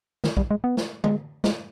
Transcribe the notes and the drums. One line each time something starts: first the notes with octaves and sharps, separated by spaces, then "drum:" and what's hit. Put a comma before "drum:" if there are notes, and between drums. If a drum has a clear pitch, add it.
D#3, drum: snare
G3, drum: kick
G#3
B3
drum: snare
G#3, drum: tom D3
G#3, drum: snare